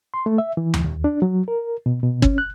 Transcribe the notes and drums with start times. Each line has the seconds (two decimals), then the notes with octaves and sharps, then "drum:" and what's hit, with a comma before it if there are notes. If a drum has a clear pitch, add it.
0.14 C6
0.26 A3
0.38 E5
0.57 E3
0.74 drum: tom D#2
0.84 D#2
1.04 D4
1.22 F#3
1.48 A#4
1.86 B2
2.03 B2
2.22 C#4, drum: kick
2.38 F#6